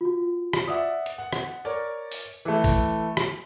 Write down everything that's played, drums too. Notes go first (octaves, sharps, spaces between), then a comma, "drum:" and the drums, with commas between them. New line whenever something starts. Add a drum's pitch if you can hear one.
F4 F#4
drum: rim click
D5 E5 F#5 D#6
drum: hi-hat
F#5
drum: rim click
A#4 C#5 D5
drum: open hi-hat
E3 A3
drum: kick, open hi-hat
drum: rim click